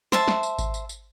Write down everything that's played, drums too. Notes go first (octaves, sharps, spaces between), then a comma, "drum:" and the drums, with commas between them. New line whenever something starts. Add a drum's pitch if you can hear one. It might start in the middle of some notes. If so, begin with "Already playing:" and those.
C5 E5 A5, drum: snare
drum: snare
drum: tambourine
drum: kick G#1, tambourine
drum: tambourine
drum: tambourine